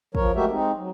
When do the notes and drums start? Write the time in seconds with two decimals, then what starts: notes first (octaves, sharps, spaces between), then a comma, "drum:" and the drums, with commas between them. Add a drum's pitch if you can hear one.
0.15 F3 A#4 C#5, drum: kick
0.35 G#3 A3 F#4 G4 A#4 E5
0.51 G#3 C4 D#4
0.76 F#3